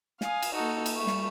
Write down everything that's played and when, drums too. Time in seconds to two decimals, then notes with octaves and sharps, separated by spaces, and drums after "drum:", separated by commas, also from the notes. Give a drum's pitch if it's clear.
0.21 F5 G#5 D#6, drum: snare
0.42 drum: cymbal
0.55 A#3 D#4 F#4 A4
0.86 drum: cymbal
0.96 G3 A3 C#6
1.07 drum: snare